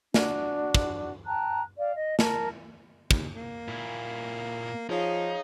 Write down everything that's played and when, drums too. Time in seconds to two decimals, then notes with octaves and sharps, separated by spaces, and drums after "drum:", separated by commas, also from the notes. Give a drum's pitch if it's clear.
0.14 D4 F#4, drum: snare
0.75 drum: kick
1.26 G5 A5 A#5 F#6
1.77 D5 F5
1.96 D#5
2.19 A#4 A5, drum: snare
3.11 D#2, drum: kick
3.36 A#3
3.68 A#2 E4
4.89 F3 D#4 G#4 C#5 F5